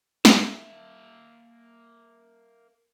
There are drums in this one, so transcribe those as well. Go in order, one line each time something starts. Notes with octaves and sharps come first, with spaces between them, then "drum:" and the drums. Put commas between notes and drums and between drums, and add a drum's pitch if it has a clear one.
A#3 E5, drum: snare